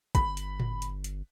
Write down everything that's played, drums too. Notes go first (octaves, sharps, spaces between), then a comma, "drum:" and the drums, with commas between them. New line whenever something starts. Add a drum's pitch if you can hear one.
G1 B5, drum: kick, hi-hat
drum: hi-hat
drum: tom A2
drum: hi-hat
drum: hi-hat